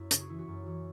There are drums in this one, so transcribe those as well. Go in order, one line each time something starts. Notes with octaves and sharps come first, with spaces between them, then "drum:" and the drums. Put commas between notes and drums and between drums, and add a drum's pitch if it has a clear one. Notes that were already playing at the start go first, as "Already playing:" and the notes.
Already playing: F#2 E4
C#3 G#4, drum: hi-hat
F#4
E3 E4
F#4
F#2
E3 F#4